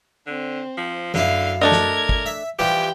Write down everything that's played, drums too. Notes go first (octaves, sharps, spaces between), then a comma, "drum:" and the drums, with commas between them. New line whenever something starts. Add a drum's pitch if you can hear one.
D3 C4
F3
F#2 D3 E4 F5, drum: snare
A3 D4 A#4 D#5 G#6
drum: snare
drum: kick
E5
E3 F3 G3 G4 G5